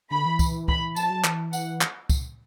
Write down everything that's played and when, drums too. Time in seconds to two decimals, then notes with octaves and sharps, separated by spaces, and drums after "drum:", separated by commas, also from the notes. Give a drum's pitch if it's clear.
0.11 D3 B5
0.26 E3
0.39 drum: kick, tambourine
0.68 B5, drum: kick
0.96 F3 A5, drum: tambourine
1.10 F#3
1.24 E3, drum: clap
1.53 F#5, drum: tambourine
1.81 drum: clap
2.09 drum: kick, tambourine